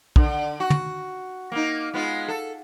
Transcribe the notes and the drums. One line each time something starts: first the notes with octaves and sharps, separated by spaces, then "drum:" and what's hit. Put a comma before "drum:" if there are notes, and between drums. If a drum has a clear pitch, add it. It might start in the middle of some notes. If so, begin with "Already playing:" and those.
D3, drum: kick
F#4
drum: tom
A#3 D#4
G#3 B3 F4
A4